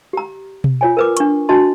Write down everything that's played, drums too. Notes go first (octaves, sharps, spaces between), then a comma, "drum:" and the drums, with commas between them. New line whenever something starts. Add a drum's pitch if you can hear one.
G4 A#5
drum: tom B2
F4 C#5 G#5
A#4 B4 D6
D4 C#6, drum: hi-hat
D4 F#4 D#5 A5 C6